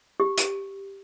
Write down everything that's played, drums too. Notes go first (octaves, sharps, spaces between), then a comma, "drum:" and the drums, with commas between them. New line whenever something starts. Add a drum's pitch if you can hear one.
G4
drum: hi-hat